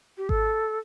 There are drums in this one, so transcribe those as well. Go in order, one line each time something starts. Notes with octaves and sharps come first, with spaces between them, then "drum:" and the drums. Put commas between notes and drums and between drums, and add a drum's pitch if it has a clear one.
G4
A4, drum: kick G#1